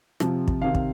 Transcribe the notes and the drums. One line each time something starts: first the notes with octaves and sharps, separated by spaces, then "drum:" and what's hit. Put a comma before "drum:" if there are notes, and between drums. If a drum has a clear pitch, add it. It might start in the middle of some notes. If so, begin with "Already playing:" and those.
C3 F3, drum: rim click
drum: kick
C3 D#3 F5
drum: kick